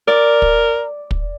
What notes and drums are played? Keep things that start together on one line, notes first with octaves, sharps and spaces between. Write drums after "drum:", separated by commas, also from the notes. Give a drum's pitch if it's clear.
A#4 D5
drum: kick
drum: kick